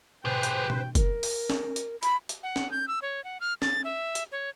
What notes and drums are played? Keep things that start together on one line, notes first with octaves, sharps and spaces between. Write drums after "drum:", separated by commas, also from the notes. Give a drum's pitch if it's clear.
G#2 B2 D3 G4 G#4 B4 C5 G5
drum: hi-hat
drum: tom B2
A#4, drum: kick F1, hi-hat
drum: open hi-hat
drum: snare
drum: hi-hat
B5, drum: hi-hat
drum: hi-hat
F#5
drum: snare
G6
E6
C#5
F#5
F6
A6, drum: snare
E5
drum: hi-hat
C#5